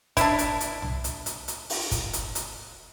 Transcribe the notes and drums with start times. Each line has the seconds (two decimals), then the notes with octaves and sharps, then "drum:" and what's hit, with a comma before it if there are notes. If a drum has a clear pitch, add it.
0.17 D4 E4, drum: kick, hi-hat
0.39 drum: hi-hat
0.60 drum: hi-hat
0.82 drum: tom
1.04 drum: hi-hat
1.26 drum: hi-hat
1.48 drum: hi-hat
1.70 drum: open hi-hat
1.91 drum: kick, hi-hat
2.13 drum: hi-hat
2.35 drum: hi-hat